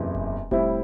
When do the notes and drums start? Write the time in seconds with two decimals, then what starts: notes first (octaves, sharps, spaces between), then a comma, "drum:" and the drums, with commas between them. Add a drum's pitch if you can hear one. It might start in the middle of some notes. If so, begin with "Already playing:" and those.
Already playing: F#1 E2 C3
0.15 drum: kick E1
0.51 A2 G3 C4 E4, drum: kick E1